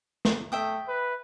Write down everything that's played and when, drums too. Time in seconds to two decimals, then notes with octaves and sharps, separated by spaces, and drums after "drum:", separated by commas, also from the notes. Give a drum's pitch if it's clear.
0.25 drum: snare
0.52 A3 E5 G5 D#6
0.88 B4